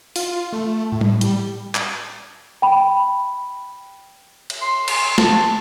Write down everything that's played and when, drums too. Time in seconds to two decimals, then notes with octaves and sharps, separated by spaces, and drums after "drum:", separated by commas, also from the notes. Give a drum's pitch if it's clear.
0.16 F4, drum: open hi-hat
0.53 A3
0.92 A2
1.01 drum: tom G3
1.21 G3, drum: hi-hat
1.75 drum: clap
2.62 G5 B5
4.50 drum: cymbal
4.62 C6
4.88 drum: cymbal
5.18 A5, drum: snare